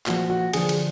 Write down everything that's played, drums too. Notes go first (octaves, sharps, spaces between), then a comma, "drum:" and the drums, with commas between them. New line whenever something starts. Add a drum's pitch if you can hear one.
A#2 F3 F#4, drum: clap
F#4
D3 F3 G#4, drum: cymbal
drum: cymbal